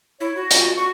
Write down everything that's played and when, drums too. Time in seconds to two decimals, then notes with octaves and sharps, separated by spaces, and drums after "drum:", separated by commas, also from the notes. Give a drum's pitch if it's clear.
0.20 E4 C#5
0.36 F#4
0.51 F4, drum: hi-hat
0.77 F#4 C#6